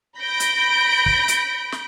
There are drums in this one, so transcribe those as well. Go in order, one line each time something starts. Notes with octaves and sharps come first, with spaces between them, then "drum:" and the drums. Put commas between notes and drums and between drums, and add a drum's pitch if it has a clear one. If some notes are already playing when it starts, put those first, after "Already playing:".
B5 G6 A#6 D7
drum: hi-hat
drum: kick
drum: hi-hat
drum: snare